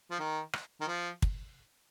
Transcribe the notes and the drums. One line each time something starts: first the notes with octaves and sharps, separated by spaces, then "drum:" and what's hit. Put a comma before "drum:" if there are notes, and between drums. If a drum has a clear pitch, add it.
F3
D#3
drum: rim click
D#3
F3
drum: kick